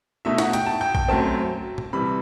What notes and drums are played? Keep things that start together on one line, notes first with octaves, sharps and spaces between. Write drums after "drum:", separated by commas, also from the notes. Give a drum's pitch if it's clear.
B2 A3 D#4 E5
F#5, drum: snare
G5, drum: hi-hat
A5
G5
G5, drum: kick A#1
F#2 F#3 A3 C4 A5
drum: tom
C3 E3 G3 B5